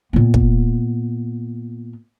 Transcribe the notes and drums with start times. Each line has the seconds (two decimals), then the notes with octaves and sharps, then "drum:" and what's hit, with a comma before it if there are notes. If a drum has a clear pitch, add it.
0.13 A#2 B3
0.34 drum: kick